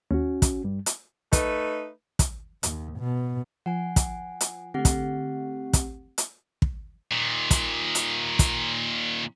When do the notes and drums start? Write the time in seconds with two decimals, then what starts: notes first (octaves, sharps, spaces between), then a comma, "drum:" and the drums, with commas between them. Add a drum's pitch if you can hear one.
0.11 D#2 C#4 F#4
0.42 drum: kick, hi-hat
0.64 G2 G3
0.86 drum: hi-hat
1.33 A3 D#4 B4, drum: kick, hi-hat
2.19 drum: kick, hi-hat
2.63 D#2, drum: hi-hat
2.99 B2
3.66 F3 F#5 G#5
3.96 drum: kick, hi-hat
4.41 drum: hi-hat
4.74 D3 A3 C4 G4 F#5
4.85 drum: kick, hi-hat
5.73 drum: kick, hi-hat
6.18 drum: hi-hat
6.62 drum: kick
7.11 A#2 D#3
7.51 drum: kick, hi-hat
7.95 drum: hi-hat
8.39 drum: kick, hi-hat